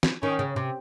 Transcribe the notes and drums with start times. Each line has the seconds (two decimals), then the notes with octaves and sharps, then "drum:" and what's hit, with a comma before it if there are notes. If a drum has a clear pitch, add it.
0.03 drum: snare
0.22 D#3 C#4
0.39 C#3
0.56 C3